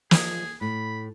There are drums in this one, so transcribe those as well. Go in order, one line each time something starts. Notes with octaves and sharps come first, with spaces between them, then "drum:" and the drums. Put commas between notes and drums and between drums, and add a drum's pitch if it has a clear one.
F3 G#4 D#5, drum: snare
A2 B5